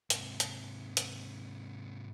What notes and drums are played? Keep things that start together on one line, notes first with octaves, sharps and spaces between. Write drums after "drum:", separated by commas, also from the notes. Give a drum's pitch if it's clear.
G#2 C3, drum: hi-hat
drum: hi-hat
drum: hi-hat